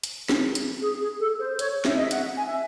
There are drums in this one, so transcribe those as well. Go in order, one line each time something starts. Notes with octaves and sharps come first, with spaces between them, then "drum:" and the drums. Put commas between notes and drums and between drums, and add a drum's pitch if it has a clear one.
drum: hi-hat
drum: snare
drum: hi-hat
G#4
G#4
A4
C5
C#5, drum: hi-hat
E5, drum: snare
D#5
E5
F#5, drum: hi-hat
G#5
E5